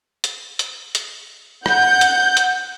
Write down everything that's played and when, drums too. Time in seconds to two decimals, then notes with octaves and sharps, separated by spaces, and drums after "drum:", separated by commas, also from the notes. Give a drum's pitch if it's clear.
0.24 drum: hi-hat
0.59 drum: hi-hat
0.95 drum: hi-hat
1.66 F#5 G6, drum: rim click
2.01 drum: hi-hat
2.37 drum: hi-hat